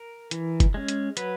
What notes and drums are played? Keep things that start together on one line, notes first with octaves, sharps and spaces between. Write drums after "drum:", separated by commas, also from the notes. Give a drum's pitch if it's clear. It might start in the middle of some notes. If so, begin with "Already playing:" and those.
Already playing: A#4
E3, drum: hi-hat
drum: kick, hi-hat
G#3 C#4
drum: hi-hat
F#3 B4, drum: hi-hat